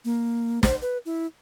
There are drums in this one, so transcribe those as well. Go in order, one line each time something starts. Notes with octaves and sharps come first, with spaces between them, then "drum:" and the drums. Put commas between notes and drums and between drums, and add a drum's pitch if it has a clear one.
A#3
C5, drum: snare
B4
E4